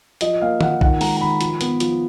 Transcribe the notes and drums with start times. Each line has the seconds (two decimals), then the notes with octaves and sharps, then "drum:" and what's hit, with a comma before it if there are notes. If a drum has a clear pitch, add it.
0.21 F3 D#5, drum: hi-hat
0.41 A#3 F5
0.61 F3 F#5, drum: tom D#3
0.81 D#3 F#5, drum: kick A1
1.01 G#3 A#5, drum: open hi-hat
1.17 A#5
1.21 D#3 B5
1.41 F3, drum: hi-hat
1.61 B3, drum: hi-hat
1.80 F3, drum: hi-hat